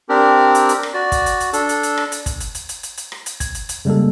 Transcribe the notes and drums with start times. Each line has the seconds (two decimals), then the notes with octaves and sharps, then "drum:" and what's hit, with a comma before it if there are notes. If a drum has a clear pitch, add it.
0.09 C4 D4 G4 A#4
0.55 drum: hi-hat
0.69 drum: hi-hat
0.83 drum: rim click
0.94 F#4 D5
1.12 drum: kick, hi-hat
1.26 drum: hi-hat
1.40 drum: hi-hat
1.53 D4 A4, drum: hi-hat
1.69 drum: hi-hat
1.83 drum: hi-hat
1.97 drum: rim click
2.12 drum: hi-hat
2.26 drum: kick, hi-hat
2.40 drum: hi-hat
2.55 drum: hi-hat
2.69 drum: hi-hat
2.83 drum: hi-hat
2.97 drum: hi-hat
3.12 drum: rim click
3.26 drum: hi-hat
3.40 G#6, drum: kick, hi-hat
3.55 drum: hi-hat
3.69 drum: hi-hat
3.85 C#3 G3 G#3 A#3 A4